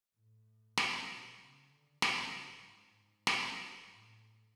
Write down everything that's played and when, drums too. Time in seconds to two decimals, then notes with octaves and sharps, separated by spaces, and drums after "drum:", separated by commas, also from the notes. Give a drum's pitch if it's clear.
0.16 A2
0.77 drum: snare
1.09 B2
1.40 C#3
1.71 D3
2.02 C#3, drum: snare
2.49 G#2
2.96 G#2
3.27 drum: snare
3.89 A2